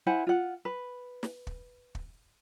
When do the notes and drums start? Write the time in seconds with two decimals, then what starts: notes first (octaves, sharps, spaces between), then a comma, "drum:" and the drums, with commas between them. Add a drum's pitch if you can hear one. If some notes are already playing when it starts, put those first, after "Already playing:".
0.06 E4 C5 F#5 G#5
0.27 F4 F#5
0.65 B4
1.23 drum: snare
1.47 drum: kick
1.95 drum: kick